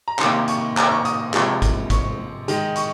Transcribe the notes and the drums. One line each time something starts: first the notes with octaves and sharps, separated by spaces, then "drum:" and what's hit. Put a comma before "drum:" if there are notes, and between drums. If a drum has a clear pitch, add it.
A#5
C3 D#3 A#3 C6, drum: clap
C#6, drum: hi-hat
A#5, drum: clap
C#6
D#6, drum: hi-hat
C3 F3 G#3 C#6, drum: clap
drum: kick, hi-hat
C#6, drum: kick, hi-hat
D#3 G#3 D#4, drum: hi-hat
C#6, drum: hi-hat